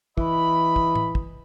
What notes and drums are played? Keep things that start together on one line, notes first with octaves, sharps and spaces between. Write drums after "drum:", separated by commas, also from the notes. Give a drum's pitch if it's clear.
E3 D#5 B5, drum: kick
drum: kick
drum: tom A2
drum: kick